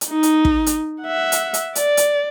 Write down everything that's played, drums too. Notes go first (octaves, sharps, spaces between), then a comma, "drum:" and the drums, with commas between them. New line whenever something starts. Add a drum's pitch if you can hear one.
drum: hi-hat
D#4
drum: hi-hat
drum: kick
drum: hi-hat
E5 F#5
drum: hi-hat
drum: hi-hat
D5, drum: hi-hat
drum: hi-hat